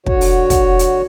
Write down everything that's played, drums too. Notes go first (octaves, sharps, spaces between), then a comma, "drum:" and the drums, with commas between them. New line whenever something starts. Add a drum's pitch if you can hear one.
D3 F#4 C#5, drum: kick
drum: open hi-hat
drum: kick, hi-hat
drum: hi-hat